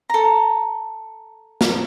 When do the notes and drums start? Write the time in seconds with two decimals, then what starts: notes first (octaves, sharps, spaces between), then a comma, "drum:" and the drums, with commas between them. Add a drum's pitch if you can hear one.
0.10 A4 A#5
1.61 drum: snare